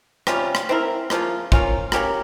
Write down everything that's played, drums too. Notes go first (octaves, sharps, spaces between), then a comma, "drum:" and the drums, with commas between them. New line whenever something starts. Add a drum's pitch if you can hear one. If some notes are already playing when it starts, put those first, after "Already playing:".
C3 G3 C#4 F4, drum: rim click
drum: rim click
C4 E4 A#4
C#3 F3 A#3 F4, drum: rim click
A#3 C#4 F4, drum: kick
A#3 C#4 G4 A#4, drum: rim click